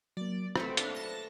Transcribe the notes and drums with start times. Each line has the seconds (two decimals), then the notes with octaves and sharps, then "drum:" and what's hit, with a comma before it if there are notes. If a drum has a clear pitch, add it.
0.17 F#3 A#3 D5
0.56 A3 B3 C4 C5 E5, drum: rim click
0.77 D4 F5, drum: hi-hat
0.95 A5 A#6